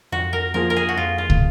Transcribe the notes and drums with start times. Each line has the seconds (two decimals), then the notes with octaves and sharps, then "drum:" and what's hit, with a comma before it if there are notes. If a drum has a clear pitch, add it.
0.12 F2 F#4
0.33 A#4
0.54 F3 A#3 F4 G#4 A#4
0.70 A#4
0.76 G#4
0.89 F#4
0.97 F2 F4
1.18 F4
1.30 drum: kick